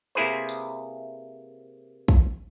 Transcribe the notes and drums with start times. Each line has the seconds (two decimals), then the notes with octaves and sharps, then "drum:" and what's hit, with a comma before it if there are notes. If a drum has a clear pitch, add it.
0.15 C3 A#3 E4 G#4 B4 C5
0.49 drum: tambourine
2.08 drum: kick